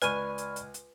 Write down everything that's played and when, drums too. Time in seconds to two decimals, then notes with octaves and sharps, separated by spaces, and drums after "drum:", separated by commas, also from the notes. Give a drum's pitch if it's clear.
0.02 C#2 B4 D5 G#5 B5 C#6 F6 D#7, drum: hi-hat
0.38 drum: hi-hat
0.56 drum: hi-hat
0.74 drum: hi-hat